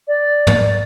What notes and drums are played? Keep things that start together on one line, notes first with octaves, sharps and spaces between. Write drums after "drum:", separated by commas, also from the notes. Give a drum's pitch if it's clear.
D5
drum: tom